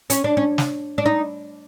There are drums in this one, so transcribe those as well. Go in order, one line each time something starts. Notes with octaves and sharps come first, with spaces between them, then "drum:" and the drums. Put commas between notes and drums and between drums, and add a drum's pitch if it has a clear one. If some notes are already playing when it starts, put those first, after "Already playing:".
C#4, drum: hi-hat
D4
C#4
drum: snare
D4
D#4